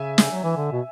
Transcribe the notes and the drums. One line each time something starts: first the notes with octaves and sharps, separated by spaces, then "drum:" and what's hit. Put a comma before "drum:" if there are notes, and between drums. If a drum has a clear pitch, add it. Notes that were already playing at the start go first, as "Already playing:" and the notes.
Already playing: C#3 E5 G#5
drum: snare
F#3
E3
D3
B2